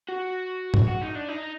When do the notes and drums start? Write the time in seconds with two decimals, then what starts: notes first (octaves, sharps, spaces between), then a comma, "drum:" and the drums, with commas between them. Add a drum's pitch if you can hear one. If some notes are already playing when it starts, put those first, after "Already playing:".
0.09 F#4
0.74 drum: tom
0.88 F#4
1.02 D#4
1.15 D4
1.29 D#4